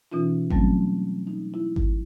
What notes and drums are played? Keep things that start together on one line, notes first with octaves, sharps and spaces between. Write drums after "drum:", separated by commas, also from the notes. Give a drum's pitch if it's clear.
B2 E3 C#4 D#4 F4
F#3 G3 A3 A#3 C4 C#4, drum: kick G#1
D#4
E4
drum: kick G#1